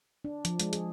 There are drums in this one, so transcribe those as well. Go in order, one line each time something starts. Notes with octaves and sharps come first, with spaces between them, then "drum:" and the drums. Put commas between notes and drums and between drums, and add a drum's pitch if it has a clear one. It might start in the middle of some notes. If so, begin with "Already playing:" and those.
D4
F3, drum: hi-hat
G#3, drum: hi-hat
G#4, drum: hi-hat